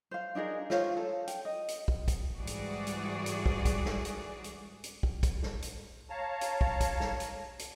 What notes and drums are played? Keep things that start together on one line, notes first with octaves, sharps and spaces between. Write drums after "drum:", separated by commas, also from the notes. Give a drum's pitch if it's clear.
C5 F5
D4 D#4 G#4 A#4
F4 C5 C#5 F5, drum: snare
A4
G5, drum: hi-hat
D#5
drum: hi-hat
drum: kick
drum: kick, hi-hat
G#2 E3 G3 F#4 G#4 D5
drum: hi-hat
drum: hi-hat
drum: hi-hat
drum: kick
drum: kick, hi-hat
drum: snare
drum: hi-hat
drum: hi-hat
drum: hi-hat
drum: kick
drum: kick, hi-hat
drum: snare
drum: hi-hat
C#5 F5 A5 A#5
drum: hi-hat
drum: kick
drum: kick, hi-hat
drum: snare
drum: hi-hat
drum: hi-hat